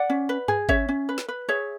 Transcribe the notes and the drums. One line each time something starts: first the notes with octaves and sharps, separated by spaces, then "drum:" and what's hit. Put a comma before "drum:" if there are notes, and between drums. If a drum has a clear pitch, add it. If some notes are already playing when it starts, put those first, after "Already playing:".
Already playing: D5 F#5
C#4
B4
G#4, drum: tom G2
C#4 C#5 E5, drum: kick G#1
C#4
B4
drum: snare
B4
G#4 C#5 E5